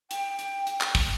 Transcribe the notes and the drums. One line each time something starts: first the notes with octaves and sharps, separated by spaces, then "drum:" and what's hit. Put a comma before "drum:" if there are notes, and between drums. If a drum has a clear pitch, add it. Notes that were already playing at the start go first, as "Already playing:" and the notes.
G5, drum: hi-hat
drum: hi-hat
drum: hi-hat
drum: clap
drum: kick, open hi-hat